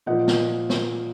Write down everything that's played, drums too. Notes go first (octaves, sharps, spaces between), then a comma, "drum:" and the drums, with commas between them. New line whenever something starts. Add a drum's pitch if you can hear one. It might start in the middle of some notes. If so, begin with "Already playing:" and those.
A#2 F3 D#5 F#5
drum: snare
drum: snare